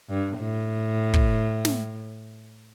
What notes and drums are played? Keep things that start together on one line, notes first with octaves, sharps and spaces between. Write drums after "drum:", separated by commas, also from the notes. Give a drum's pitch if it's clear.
G2
A2
drum: kick
drum: snare